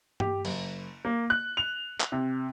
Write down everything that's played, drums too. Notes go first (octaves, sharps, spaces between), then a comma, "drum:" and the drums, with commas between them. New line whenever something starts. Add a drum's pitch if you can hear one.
G4, drum: tom G2
F#1, drum: cymbal
A#3
F#6
F7
drum: clap
C3